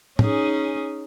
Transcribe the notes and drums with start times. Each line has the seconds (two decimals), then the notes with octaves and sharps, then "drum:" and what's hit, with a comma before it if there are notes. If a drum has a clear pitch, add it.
0.19 C#4 D#4 G#4, drum: tom